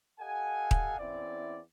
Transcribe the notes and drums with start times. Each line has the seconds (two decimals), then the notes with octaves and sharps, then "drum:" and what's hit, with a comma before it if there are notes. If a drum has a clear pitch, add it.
0.20 G4 A4 D#5 F5 F#5 G#5
0.71 drum: kick D#1
0.99 E2 C4 C#4 E4 D5